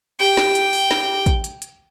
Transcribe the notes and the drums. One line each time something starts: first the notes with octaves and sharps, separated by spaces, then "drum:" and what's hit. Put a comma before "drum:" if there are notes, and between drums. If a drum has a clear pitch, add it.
G4 G5
drum: snare
drum: hi-hat
drum: open hi-hat
drum: snare
drum: kick, hi-hat
drum: hi-hat
drum: hi-hat